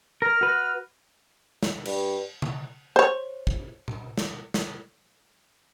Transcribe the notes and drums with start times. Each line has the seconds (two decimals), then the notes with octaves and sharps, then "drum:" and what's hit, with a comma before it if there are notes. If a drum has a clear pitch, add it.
0.22 A#4 F6
0.41 F#4 B4
1.63 drum: snare
1.85 G2, drum: cymbal
2.42 drum: tom C#3
2.96 C5 C#5
3.47 drum: kick
3.88 drum: tom A#2
4.18 drum: snare
4.54 drum: snare